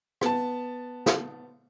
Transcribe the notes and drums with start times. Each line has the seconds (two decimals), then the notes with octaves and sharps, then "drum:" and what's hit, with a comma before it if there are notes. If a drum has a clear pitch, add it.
0.21 B3 A5, drum: rim click
1.06 drum: snare